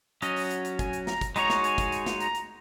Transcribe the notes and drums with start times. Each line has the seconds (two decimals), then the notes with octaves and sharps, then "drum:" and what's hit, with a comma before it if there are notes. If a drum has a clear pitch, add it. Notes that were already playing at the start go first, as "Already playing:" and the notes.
0.22 F#3 C#4 F#4 D#5, drum: hi-hat
0.36 drum: open hi-hat
0.51 drum: hi-hat
0.65 drum: hi-hat
0.79 G#5, drum: kick, hi-hat
0.93 drum: hi-hat
1.07 A#5, drum: snare
1.21 drum: kick, hi-hat
1.36 G#3 D#4 F#4 C#5 A#5, drum: hi-hat
1.50 drum: snare
1.64 G#5, drum: hi-hat
1.78 drum: kick, hi-hat
1.92 drum: hi-hat
2.06 drum: snare
2.20 A#5, drum: hi-hat
2.35 drum: hi-hat